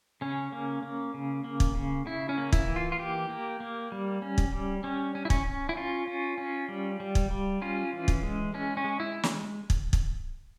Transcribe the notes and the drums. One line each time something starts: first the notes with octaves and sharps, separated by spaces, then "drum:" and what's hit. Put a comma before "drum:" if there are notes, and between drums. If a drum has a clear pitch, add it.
C#3 C#4
A#3
A#3
C#3
A#3
drum: kick
C#3
C#3 E4
C#4
A#3
E4, drum: kick
E3
F4
F4
A#3 G4
A#3
A#3
G3
C#4
drum: kick
G3
G3 C#4
C#4
E4
C#4, drum: kick
C#4
E4
C#4 F4
C#4
C#4
G3
G3
drum: kick
G3
C#4 F4
E3
drum: kick
G#3
G#3 C#4
C#4
G#3
E4
drum: snare
drum: kick
drum: kick